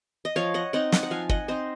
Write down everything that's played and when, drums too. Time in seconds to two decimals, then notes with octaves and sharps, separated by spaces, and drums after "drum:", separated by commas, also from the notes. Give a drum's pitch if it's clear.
0.25 D#5
0.36 F3 C#5 F5
0.54 D#5 F#5
0.73 C4 D#4 D#5 F#5
0.92 D#5 F#5, drum: snare
1.03 F#5
1.10 F3 F5 G#5
1.29 D#5 F#5, drum: kick
1.48 C4 D#4 C5 D#5